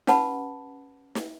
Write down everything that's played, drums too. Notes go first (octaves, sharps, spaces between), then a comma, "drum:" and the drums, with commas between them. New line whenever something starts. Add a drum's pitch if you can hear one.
C#4 G4 B4 F#5 A5 B5, drum: snare
drum: snare